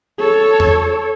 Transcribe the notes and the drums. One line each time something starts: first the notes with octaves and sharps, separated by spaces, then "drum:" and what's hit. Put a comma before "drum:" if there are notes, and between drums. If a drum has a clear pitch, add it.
A4 C#5
drum: tom E2